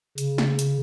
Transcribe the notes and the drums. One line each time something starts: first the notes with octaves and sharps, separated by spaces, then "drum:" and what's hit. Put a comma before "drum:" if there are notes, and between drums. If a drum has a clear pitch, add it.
C#3, drum: hi-hat
drum: snare
drum: hi-hat